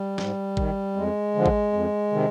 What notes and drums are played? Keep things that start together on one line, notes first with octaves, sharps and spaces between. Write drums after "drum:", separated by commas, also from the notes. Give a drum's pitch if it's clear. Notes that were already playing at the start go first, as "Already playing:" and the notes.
Already playing: G3
G#2, drum: snare
D#3, drum: kick
F2 G#3
D3 F3
drum: kick
F2
C3 D#3